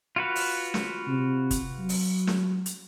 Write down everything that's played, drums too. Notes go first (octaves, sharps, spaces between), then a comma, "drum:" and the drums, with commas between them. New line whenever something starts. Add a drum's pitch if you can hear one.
F4 F#4 B4
drum: open hi-hat
drum: snare
C3
drum: kick, hi-hat
F#3
drum: open hi-hat
drum: snare
drum: hi-hat